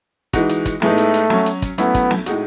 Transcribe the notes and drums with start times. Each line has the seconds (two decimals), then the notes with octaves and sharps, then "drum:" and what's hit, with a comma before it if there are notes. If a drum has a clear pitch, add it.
0.33 E3 G#3 D#4 F#4, drum: kick, hi-hat
0.49 drum: hi-hat
0.65 drum: kick, hi-hat
0.82 A2 G#3 A3 B3 D#4, drum: snare
0.98 drum: hi-hat
1.14 drum: hi-hat
1.30 F#3 C#4 F#4, drum: snare
1.46 drum: hi-hat
1.62 drum: kick, hi-hat
1.78 F#3 A3 B3 C#4 E4, drum: hi-hat
1.94 drum: kick, hi-hat
2.11 drum: snare
2.26 A2 G#3 D#4 F#4, drum: hi-hat